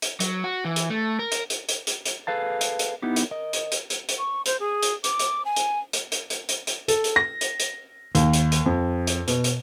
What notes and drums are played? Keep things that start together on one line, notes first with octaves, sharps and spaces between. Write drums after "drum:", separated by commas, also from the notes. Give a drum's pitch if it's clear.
drum: hi-hat
F#3, drum: hi-hat
F#4
E3
drum: hi-hat
A3
A#4
drum: hi-hat
drum: hi-hat
drum: hi-hat
drum: hi-hat
drum: hi-hat
G#4 A4 B4 F5 A5
drum: hi-hat
drum: hi-hat
B3 D#4 E4 G4
drum: hi-hat
A#4 D#5
drum: hi-hat
drum: hi-hat
drum: hi-hat
drum: hi-hat
C#6
C5, drum: hi-hat
G#4
drum: hi-hat
D6, drum: hi-hat
drum: hi-hat
G#5
drum: hi-hat
drum: hi-hat
drum: hi-hat
drum: hi-hat
drum: hi-hat
drum: hi-hat
A4, drum: hi-hat
drum: hi-hat
A#6
drum: hi-hat
drum: hi-hat
D#2, drum: hi-hat
drum: hi-hat
drum: hi-hat
F2
drum: hi-hat
B2, drum: hi-hat
drum: hi-hat